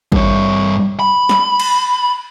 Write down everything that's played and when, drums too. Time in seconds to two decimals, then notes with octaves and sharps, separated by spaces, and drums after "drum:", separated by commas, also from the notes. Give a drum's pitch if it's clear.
0.12 G2 C#5, drum: kick G#1
0.99 B5
1.29 drum: snare
1.60 drum: cymbal